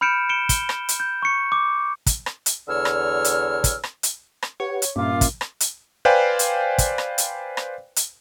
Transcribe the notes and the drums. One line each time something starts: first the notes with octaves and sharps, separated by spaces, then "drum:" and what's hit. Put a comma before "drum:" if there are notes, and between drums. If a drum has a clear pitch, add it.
B5 F6 G6 C#7 D7 E7
C#7 D7 E7 G7
G7, drum: kick, hi-hat
drum: rim click
drum: hi-hat
G6
C#6 C#7
D6
drum: kick, hi-hat
drum: rim click
drum: hi-hat
E2 D3 C#5 E6 F6
drum: rim click
drum: hi-hat
drum: kick, hi-hat
drum: rim click
drum: hi-hat
drum: rim click
G4 B4 C#5 F#5
drum: hi-hat
G2 A#2 A#3 C#4 F4 E5 D6
drum: kick, hi-hat
drum: rim click
drum: hi-hat
B4 C5 D5 F5 G5 G#5
drum: hi-hat
drum: kick, hi-hat
drum: rim click
drum: hi-hat
drum: rim click
drum: hi-hat